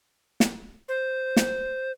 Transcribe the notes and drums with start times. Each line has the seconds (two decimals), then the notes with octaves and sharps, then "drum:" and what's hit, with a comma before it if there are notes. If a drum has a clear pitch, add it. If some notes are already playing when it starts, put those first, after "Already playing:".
0.40 drum: snare
0.88 C5
1.37 drum: snare